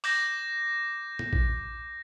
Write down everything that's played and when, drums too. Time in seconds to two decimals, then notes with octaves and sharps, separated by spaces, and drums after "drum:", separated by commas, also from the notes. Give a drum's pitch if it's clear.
0.04 D6 G6 A#6, drum: open hi-hat
1.19 drum: tom
1.33 drum: kick A#1